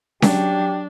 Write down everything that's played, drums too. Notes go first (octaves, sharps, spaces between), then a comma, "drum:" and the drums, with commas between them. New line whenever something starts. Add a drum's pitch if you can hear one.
F#3 D4 G4, drum: snare C#4